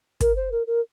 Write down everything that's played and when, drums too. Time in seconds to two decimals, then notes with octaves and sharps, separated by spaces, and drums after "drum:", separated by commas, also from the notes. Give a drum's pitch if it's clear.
0.20 A#4, drum: kick, hi-hat
0.36 C5
0.51 A#4
0.66 A#4